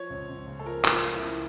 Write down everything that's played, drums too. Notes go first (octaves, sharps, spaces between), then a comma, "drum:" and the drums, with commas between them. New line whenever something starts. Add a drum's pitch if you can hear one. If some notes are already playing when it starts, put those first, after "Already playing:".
Already playing: F3 C#5
C#2
C#2
C#3
A4
F3 A#4
C#2, drum: clap
F4
C#2
E4
C#3